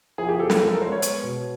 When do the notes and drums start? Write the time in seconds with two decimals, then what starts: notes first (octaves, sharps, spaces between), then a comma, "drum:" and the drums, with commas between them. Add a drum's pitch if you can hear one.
0.18 F3 G#4
0.29 G4
0.39 F3 A4
0.50 A4, drum: snare
0.60 G#3 A4
0.71 A#4
0.81 G#3 C5
0.92 C#5
1.02 B3, drum: hi-hat
1.23 B2